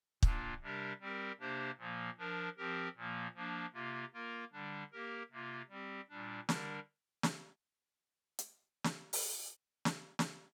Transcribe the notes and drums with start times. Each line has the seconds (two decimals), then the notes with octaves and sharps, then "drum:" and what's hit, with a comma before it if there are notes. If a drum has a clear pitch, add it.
0.23 A#2 A#3 D4 F4, drum: kick
0.61 C3 G3 D4 G4 A#4
1.00 G3 C4 G4 A#4
1.40 C3 A#3 D4 G4 C5
1.78 A#2 F3 A#3
2.18 F3 D4 A#4
2.57 F3 C4 G4 A#4
2.96 A#2 F3 A#3
3.35 F3 A#3 D4
3.74 C3 A#3 F4
4.14 A#3 F4 A#4
4.53 D3 G3 D4
4.92 A#3 G4 A#4
5.31 C3 A#3 F4
5.69 G3 C4 G4
6.09 A#2 G3 D4
6.49 D3 G3 D4 A#4, drum: snare
7.23 drum: snare
8.39 drum: hi-hat
8.84 drum: snare
9.13 drum: open hi-hat
9.85 drum: snare
10.19 drum: snare